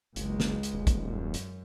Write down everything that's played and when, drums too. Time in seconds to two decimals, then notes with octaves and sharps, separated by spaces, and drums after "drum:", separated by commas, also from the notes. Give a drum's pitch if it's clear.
0.16 F#1 C#2 G#3, drum: hi-hat
0.40 drum: snare
0.63 drum: hi-hat
0.74 D#1
0.87 drum: kick, hi-hat
1.04 F#2
1.34 drum: hi-hat